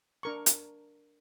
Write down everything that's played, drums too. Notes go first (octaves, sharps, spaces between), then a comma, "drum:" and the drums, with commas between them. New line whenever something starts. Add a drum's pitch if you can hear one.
D4 A#4 C#6
drum: hi-hat